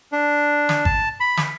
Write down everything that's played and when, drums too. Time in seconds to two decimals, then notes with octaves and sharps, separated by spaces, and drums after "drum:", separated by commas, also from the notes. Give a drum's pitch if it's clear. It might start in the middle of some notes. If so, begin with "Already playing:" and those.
0.12 D4
0.69 drum: snare
0.85 A5, drum: kick
1.20 B5
1.37 drum: snare